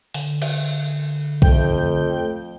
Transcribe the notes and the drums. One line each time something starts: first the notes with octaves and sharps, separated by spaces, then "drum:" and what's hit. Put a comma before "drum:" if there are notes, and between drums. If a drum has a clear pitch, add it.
D3, drum: open hi-hat
drum: cymbal
F2 A3 G5 G6, drum: kick